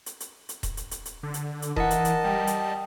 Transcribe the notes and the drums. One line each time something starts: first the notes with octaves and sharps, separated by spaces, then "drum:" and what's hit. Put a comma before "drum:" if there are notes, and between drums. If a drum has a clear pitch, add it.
drum: hi-hat
drum: hi-hat
drum: hi-hat
drum: kick D#1, hi-hat
drum: hi-hat
drum: hi-hat
drum: hi-hat
D3
drum: hi-hat
drum: hi-hat
E3 A#4 D#5 F#5 A5, drum: kick D#1
drum: hi-hat
drum: hi-hat
G3 G5
drum: hi-hat